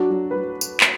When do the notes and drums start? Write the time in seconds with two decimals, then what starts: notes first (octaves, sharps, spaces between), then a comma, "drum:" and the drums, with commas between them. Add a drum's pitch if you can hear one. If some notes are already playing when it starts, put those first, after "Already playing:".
Already playing: F#3 D4 F#4
0.10 F#3
0.31 B4
0.36 F#3
0.61 drum: tambourine
0.80 drum: clap